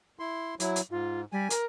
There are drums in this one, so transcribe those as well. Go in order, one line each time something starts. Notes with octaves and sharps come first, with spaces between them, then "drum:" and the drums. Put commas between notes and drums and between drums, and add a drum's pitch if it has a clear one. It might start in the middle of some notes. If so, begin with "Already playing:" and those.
E4 C6
F#3 E4, drum: hi-hat
drum: hi-hat
G#2 F4
G3 G#5
A#4, drum: hi-hat